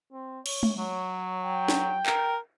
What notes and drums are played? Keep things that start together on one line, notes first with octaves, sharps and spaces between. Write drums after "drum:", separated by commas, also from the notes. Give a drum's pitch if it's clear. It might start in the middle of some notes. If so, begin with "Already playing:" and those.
C4
C#5, drum: cymbal
drum: tom G#3
F#3 C#5
G5
drum: snare
A#4, drum: clap